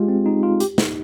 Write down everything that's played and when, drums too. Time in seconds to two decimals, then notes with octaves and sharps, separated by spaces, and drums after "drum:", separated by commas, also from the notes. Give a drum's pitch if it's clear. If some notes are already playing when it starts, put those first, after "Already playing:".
Already playing: G#3 F4 G4 G#4
0.08 C4
0.26 D#4
0.43 F4
0.60 G4, drum: hi-hat
0.78 D#4, drum: snare